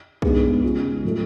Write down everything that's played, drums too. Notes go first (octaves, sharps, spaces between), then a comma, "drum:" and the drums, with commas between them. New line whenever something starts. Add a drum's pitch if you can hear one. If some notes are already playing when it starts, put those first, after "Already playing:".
G#2 G#3 B3 D4 G#4, drum: kick B1
C#3 G#3 C#4 F4
A2 F#3 A3 F4 A4